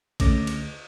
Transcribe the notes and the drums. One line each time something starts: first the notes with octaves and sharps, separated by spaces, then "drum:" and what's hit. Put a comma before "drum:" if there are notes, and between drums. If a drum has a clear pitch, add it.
C#2 D3 A3 C#4 D6 A#6, drum: kick A1, cymbal
drum: cymbal